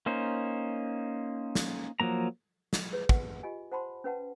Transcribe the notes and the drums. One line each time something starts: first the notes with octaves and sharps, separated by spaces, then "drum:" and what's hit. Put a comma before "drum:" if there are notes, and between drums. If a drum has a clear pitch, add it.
A#3 C#4 D#4 C5
drum: snare
F3 F#3 A#3 A#5
drum: snare
G#4 B4 C#5
F#5, drum: kick
F4 G4 D#5 G#5
C5 F#5 A5 B5 C6
C#4 B4 F#5 A5